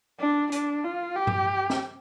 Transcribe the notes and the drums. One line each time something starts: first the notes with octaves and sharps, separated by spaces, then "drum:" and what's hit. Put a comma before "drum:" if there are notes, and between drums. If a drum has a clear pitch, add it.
D4
D4, drum: hi-hat
F4
G4
drum: tom G2
drum: snare